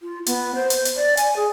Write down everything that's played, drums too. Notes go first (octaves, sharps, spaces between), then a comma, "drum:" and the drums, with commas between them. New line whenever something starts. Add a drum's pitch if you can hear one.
F4
B3, drum: hi-hat
C5
drum: hi-hat
drum: hi-hat
D5
G#5, drum: hi-hat
G#4